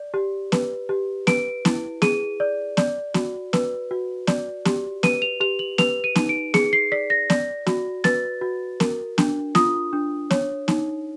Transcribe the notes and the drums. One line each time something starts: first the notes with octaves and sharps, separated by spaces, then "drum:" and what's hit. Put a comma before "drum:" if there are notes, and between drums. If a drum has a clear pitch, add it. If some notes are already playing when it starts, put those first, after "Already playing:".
Already playing: D5
G4
B4, drum: snare B3
G4
B4 D7, drum: snare B3
E4, drum: snare B3
G#4 D#7, drum: snare B3
D5
D5, drum: snare B3
F#4, drum: snare B3
B4, drum: snare B3
F#4
D5, drum: snare B3
G4, drum: snare B3
B4 D#7, drum: snare B3
F7
G4 F7
F#7
B4 F7, drum: snare B3
D#7
D#4, drum: snare B3
D7
G#4 C#7, drum: snare B3
C7
D5 B6
A#6
D5, drum: snare B3
F#4, drum: snare B3
B4 A6, drum: snare B3
F#4
A#4, drum: snare B3
D4, drum: snare B3
F4 D#6, drum: snare B3
D4
C#5, drum: snare B3
D#4, drum: snare B3